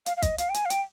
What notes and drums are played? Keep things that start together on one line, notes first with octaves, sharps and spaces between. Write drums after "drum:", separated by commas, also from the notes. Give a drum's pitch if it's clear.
F5, drum: hi-hat
F5
D#5, drum: kick, hi-hat
F5, drum: hi-hat
G5
G#5, drum: hi-hat
F5
G5, drum: hi-hat